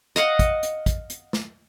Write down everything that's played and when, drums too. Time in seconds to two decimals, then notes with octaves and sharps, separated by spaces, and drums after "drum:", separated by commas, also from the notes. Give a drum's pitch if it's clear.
0.16 D#5 F5 F#5, drum: hi-hat
0.39 drum: kick, hi-hat
0.63 drum: hi-hat
0.86 drum: kick, hi-hat
1.10 drum: hi-hat
1.33 drum: snare